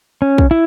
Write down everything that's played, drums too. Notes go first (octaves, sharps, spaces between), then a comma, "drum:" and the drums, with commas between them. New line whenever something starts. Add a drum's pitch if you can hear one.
C#4
drum: kick
E4